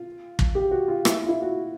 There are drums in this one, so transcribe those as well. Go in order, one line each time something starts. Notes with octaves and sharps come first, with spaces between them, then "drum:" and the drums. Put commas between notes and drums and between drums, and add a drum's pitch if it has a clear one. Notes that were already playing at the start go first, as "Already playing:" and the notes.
Already playing: F4
drum: kick
G4
F#4
F4
E4, drum: rim click
F4
E4
F#4